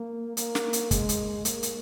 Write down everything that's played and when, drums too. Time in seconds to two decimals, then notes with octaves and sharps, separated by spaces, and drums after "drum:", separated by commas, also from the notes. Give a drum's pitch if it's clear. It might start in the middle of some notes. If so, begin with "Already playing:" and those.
Already playing: A#3
0.37 A#3, drum: hi-hat
0.55 drum: snare
0.73 drum: hi-hat
0.91 G#3, drum: kick, hi-hat
1.09 drum: hi-hat
1.45 A#3, drum: hi-hat
1.63 drum: hi-hat